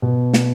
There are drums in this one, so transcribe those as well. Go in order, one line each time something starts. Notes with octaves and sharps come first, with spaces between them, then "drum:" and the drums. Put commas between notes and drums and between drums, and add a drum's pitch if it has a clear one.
B2
drum: snare